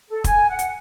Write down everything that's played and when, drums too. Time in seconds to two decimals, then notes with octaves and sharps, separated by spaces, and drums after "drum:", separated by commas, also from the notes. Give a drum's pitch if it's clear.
0.08 A4
0.24 G#5, drum: kick, hi-hat
0.48 F#5
0.59 drum: hi-hat